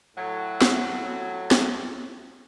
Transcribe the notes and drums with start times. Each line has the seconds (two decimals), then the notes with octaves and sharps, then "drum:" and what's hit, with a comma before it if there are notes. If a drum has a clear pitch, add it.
0.17 A2 F#3
0.62 drum: snare
1.51 drum: snare